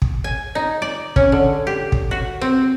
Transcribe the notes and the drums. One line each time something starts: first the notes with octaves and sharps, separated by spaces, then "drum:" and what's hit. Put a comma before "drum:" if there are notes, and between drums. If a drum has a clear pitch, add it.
drum: kick
G#5
D#4
D5
C#4, drum: kick
D3
G4
drum: kick
F#4
C4